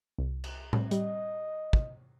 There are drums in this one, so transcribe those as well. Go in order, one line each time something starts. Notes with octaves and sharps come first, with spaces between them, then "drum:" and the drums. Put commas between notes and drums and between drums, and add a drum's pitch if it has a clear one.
C2
drum: cymbal
drum: tom A2
G3 D#5, drum: hi-hat
drum: kick